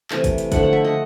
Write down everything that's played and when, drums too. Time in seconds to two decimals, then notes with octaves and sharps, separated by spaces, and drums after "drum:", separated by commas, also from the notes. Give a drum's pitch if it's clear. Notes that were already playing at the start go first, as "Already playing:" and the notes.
0.11 C3 E3 A3, drum: clap
0.24 drum: kick, hi-hat
0.38 drum: hi-hat
0.52 D3 F3 A3 F#5, drum: kick, hi-hat
0.63 F#5
0.73 E5
0.85 D#5